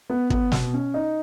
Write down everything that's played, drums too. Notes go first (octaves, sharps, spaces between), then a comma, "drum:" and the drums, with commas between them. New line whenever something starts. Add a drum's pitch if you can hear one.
B3
B3, drum: kick
B2, drum: snare
C#4
D#4